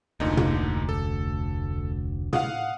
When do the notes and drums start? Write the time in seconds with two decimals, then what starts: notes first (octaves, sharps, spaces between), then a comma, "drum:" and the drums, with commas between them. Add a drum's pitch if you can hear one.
0.20 F1 D2 A#2 D3 D#4
0.37 drum: tom
0.89 A4
2.33 F5 F#5 D#6, drum: tom